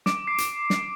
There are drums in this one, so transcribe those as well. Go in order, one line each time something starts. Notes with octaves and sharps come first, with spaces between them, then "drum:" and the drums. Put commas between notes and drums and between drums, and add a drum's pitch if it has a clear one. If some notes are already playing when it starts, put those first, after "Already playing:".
D6 D7, drum: snare
C7
drum: hi-hat
drum: snare